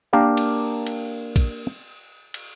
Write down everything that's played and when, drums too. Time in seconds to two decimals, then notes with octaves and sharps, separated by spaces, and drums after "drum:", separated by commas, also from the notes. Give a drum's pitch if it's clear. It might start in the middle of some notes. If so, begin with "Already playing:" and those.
0.13 A#3 D4 G4 A#4 F5 G5
0.37 drum: cymbal
0.87 drum: cymbal
1.36 drum: kick, cymbal
2.34 drum: cymbal